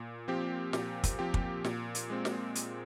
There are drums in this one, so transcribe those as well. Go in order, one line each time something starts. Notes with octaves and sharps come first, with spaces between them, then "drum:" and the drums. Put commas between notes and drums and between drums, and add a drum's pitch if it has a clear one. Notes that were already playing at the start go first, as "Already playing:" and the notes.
Already playing: A#2
F3 C4 G4
A#2, drum: snare
drum: kick, hi-hat
F3 C4 G4
drum: kick
A#2, drum: snare
drum: hi-hat
G#3 C4
drum: snare
drum: hi-hat